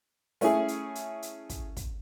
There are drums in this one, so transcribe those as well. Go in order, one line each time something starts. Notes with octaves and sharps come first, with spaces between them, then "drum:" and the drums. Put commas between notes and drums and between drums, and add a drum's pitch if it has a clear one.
A3 C#4 E4 G#4, drum: open hi-hat
drum: hi-hat
drum: hi-hat
drum: hi-hat
drum: kick, hi-hat
drum: kick, hi-hat